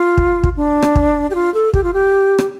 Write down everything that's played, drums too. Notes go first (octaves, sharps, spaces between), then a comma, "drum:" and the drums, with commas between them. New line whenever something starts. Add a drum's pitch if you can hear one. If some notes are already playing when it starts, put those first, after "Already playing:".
Already playing: F4
drum: kick
drum: kick
D4
drum: rim click
drum: kick
G4
F4
A4
G4, drum: kick
F4
G4
drum: rim click